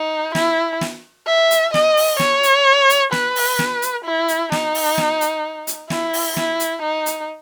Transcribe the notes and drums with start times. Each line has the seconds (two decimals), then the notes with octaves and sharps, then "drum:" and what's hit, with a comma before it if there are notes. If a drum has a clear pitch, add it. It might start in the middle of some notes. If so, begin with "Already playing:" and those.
Already playing: D#4
0.35 E4, drum: snare
0.81 drum: snare
1.27 E5
1.51 drum: hi-hat
1.74 D#5, drum: snare
1.97 drum: open hi-hat
2.19 C#5, drum: snare
2.43 drum: hi-hat
2.89 drum: hi-hat
3.12 B4, drum: snare
3.36 drum: open hi-hat
3.59 drum: snare
3.82 drum: hi-hat
4.05 E4
4.28 drum: hi-hat
4.52 D#4, drum: snare
4.75 drum: open hi-hat
4.98 drum: snare
5.21 drum: hi-hat
5.67 drum: hi-hat
5.90 E4, drum: snare
6.13 drum: open hi-hat
6.37 E4, drum: snare
6.60 drum: hi-hat
6.83 D#4
7.06 drum: hi-hat